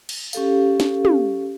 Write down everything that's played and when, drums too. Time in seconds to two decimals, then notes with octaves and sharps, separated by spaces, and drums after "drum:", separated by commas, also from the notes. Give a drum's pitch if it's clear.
0.09 drum: cymbal
0.33 C#4 G4 A4 F5, drum: tambourine
0.80 drum: snare
1.05 drum: tom